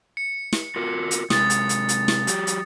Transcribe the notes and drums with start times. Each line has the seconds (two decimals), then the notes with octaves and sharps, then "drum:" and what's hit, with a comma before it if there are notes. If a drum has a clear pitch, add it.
0.17 C#7
0.53 drum: snare
0.76 F4 F#4 A#4
1.11 drum: hi-hat
1.30 C3 G#3 D#6 A6, drum: snare
1.50 drum: hi-hat
1.69 drum: hi-hat
1.89 drum: hi-hat
2.08 drum: snare
2.27 F#3 G4, drum: hi-hat
2.47 drum: hi-hat